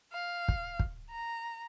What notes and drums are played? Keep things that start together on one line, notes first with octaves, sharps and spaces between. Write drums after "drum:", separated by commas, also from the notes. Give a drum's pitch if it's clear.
F5
drum: kick
drum: kick
A#5